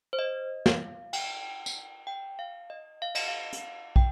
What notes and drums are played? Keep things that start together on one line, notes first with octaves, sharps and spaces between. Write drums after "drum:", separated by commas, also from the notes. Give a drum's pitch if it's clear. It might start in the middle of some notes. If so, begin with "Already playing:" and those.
C5
D#5
F5, drum: snare
G5, drum: cymbal
drum: tambourine
G5
F5
D#5
F5
D#5, drum: cymbal
F5
drum: hi-hat
G5, drum: kick